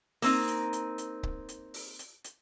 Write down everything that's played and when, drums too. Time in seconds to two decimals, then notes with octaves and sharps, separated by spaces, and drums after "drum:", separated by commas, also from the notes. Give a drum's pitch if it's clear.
0.22 A#3 C4 D#4, drum: open hi-hat
0.48 drum: hi-hat
0.73 drum: hi-hat
0.98 drum: hi-hat
1.23 drum: kick C#1
1.49 drum: hi-hat
1.74 drum: open hi-hat
1.99 drum: hi-hat
2.24 drum: hi-hat